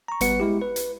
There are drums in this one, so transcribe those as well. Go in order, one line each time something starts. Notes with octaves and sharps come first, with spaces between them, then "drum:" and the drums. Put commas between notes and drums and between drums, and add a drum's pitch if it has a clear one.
A#5 C#6
G#1 G3 B3 B4 F#5 C#7, drum: hi-hat
G#3 E4 G4
B4
drum: hi-hat